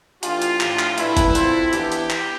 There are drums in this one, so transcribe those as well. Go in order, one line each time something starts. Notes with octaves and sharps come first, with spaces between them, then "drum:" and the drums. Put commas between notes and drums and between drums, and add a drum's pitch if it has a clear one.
E3 A3 D4 F4 G4, drum: hi-hat
drum: hi-hat
A2 F3 A3 D4 G4, drum: clap
drum: clap
A3 D4 E4 G4 B4, drum: hi-hat
drum: kick, hi-hat
F3 C4 F4 A4 C5, drum: hi-hat
E3 B3 D4 G4, drum: hi-hat
drum: hi-hat
drum: clap